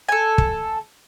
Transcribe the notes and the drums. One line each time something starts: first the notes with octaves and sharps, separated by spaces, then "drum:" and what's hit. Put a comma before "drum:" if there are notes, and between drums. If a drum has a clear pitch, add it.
A4 G#5
drum: kick